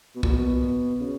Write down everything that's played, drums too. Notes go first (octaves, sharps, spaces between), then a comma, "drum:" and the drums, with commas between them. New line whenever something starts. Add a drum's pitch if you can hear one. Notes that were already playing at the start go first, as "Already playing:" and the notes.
B2
A#2, drum: kick
B2
C#3